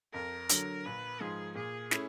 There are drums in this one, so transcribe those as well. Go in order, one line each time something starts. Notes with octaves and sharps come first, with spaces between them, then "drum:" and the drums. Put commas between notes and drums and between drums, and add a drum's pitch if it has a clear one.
F2 A#4
D3 F#3, drum: hi-hat
A#1 B4
G#2 F3 G#4
A#2 G#4
A3 C#4 E4, drum: snare